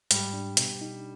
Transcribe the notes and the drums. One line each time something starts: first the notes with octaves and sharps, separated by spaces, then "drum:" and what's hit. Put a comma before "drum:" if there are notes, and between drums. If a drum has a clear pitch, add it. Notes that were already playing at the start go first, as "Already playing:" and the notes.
G#2 G3, drum: hi-hat
D4
B2, drum: hi-hat
D#4